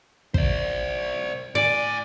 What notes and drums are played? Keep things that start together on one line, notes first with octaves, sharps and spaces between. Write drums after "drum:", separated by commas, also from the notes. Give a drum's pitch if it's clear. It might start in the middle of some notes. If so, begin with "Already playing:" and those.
C5 D5, drum: kick
A2 D5 G#5